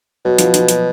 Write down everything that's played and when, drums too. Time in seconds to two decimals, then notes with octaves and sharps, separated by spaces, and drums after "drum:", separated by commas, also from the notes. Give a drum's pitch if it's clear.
0.25 B2 F#3
0.38 F3, drum: hi-hat
0.54 F3, drum: hi-hat
0.68 F#3, drum: hi-hat